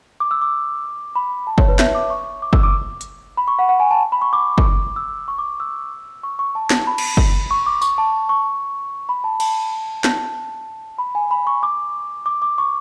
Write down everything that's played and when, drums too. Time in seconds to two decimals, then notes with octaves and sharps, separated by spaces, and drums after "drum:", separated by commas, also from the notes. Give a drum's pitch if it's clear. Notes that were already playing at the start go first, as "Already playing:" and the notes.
0.20 D6
0.31 E6
0.41 D6
1.15 B5
1.47 A5
1.58 C#5, drum: kick
1.69 B4
1.79 E5, drum: snare
1.95 D6
2.10 C#6
2.42 D6
2.53 E6, drum: kick
2.63 D6
3.01 drum: hi-hat
3.37 B5
3.48 C#6
3.59 F#5
3.69 F#5
3.80 G#5
3.91 A5
4.12 B5
4.22 C#6
4.33 D6
4.58 drum: kick
4.96 E6
5.28 C#6
5.38 D6
5.60 E6
6.23 C#6
6.39 C#6
6.55 A5
6.70 A5, drum: snare
6.87 B5
6.98 drum: cymbal
7.17 drum: kick
7.51 C#6
7.66 D6
7.82 C#6, drum: tambourine
7.98 A5
8.29 C#6
9.09 B5
9.24 A5
9.40 A5, drum: cymbal
10.04 A5, drum: snare
10.98 B5
11.15 G#5
11.31 B5
11.47 C#6
11.63 D6
12.26 D6
12.42 D6
12.58 C#6